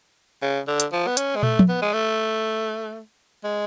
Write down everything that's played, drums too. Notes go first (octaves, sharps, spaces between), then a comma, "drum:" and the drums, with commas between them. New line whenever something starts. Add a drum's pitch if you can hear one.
C#3
D3
drum: hi-hat
F3
B3
C#4, drum: hi-hat
G#3
A3, drum: tom
drum: tom F3
B3
G#3
A3
G#3